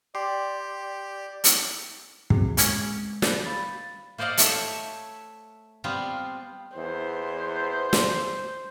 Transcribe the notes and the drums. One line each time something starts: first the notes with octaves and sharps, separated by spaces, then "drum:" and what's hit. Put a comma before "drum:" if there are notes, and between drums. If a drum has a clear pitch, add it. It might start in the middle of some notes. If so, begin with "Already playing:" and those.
G4 D5 G5 C6 C7
D5
drum: hi-hat
C3 C4 F#4 G#4, drum: kick
C#3 G#3 A#3 C#4, drum: hi-hat
B3 D4 D#4, drum: snare
F5 B5 A6
A#3 C5 D5 D#5 F5 F#5
A3 C#5 E5, drum: hi-hat
G3 B3 C4 F4
E2 C5
drum: snare